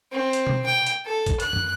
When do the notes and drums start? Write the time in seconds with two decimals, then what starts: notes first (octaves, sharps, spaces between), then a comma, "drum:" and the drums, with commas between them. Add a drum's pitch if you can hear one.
0.12 C4
0.33 drum: hi-hat
0.47 drum: tom B2
0.66 G5
0.87 drum: hi-hat
1.05 A4
1.26 drum: kick, hi-hat
1.40 F#6, drum: hi-hat
1.53 drum: tom F#2